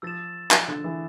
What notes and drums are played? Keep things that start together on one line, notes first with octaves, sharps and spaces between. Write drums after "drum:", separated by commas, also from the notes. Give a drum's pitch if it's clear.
F3 E6 A6 E7
F3, drum: clap
D3
E3